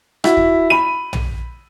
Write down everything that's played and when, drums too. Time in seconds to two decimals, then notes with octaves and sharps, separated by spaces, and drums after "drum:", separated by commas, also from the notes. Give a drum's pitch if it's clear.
0.24 E4 F#4, drum: rim click
0.37 drum: kick
0.70 B5 D#7
1.13 drum: tom